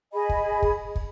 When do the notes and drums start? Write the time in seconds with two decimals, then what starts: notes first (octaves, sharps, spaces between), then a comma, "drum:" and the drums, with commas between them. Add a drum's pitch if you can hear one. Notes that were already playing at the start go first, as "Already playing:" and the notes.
0.13 G#4 D#5 G#5 B5
0.29 drum: kick
0.62 drum: kick
0.95 drum: kick